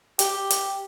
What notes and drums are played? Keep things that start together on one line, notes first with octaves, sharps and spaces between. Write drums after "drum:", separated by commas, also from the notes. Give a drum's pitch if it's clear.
G4, drum: hi-hat
drum: hi-hat